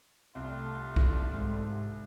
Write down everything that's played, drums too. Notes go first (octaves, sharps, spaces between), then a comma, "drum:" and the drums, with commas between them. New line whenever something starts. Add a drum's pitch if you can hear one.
C2 G3 A3 F4
drum: kick B1
G#2